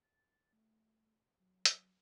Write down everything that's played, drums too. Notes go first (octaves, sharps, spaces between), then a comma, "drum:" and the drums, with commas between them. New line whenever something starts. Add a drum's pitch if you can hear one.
A6
A3
F#3
drum: hi-hat